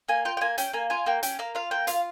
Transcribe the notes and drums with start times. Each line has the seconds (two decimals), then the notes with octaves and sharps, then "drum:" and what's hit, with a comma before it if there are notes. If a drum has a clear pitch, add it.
0.09 A#3 G#5
0.25 F4 G5
0.37 G5
0.41 A#3 G#5
0.58 C#4 G5, drum: hi-hat
0.73 A#3 G#5
0.90 F4 G#5
1.06 A#3 G5
1.23 C#4 G5, drum: hi-hat
1.39 A#3 F5
1.55 F4 F5
1.71 A#3 G5
1.87 F4 F5, drum: hi-hat